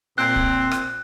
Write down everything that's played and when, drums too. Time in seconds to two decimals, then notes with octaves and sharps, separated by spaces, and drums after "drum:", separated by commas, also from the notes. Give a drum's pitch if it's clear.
0.18 A#2 C4 F#6
0.36 drum: kick
0.71 drum: rim click